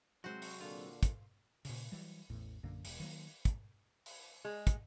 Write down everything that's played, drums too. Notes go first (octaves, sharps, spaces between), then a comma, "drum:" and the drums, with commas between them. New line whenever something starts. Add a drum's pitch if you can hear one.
C3 F#3 G#3 C4 F#4 C5
drum: open hi-hat
A#2 D3 F4
drum: kick, hi-hat
A#2 C#3, drum: open hi-hat
E3 F#3 G3
A1 E2 A2
A#1 F#2 D3 A#3
E1, drum: open hi-hat
D#3 F#3 A#3
drum: kick, hi-hat
drum: open hi-hat
G#3
drum: kick, hi-hat